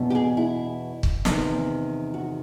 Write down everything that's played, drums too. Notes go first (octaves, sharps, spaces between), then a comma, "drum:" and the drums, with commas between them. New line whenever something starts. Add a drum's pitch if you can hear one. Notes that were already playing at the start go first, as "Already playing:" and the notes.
Already playing: E2 B2
G4
G#4
E4
drum: kick
E2 C3 D#3, drum: snare
F#4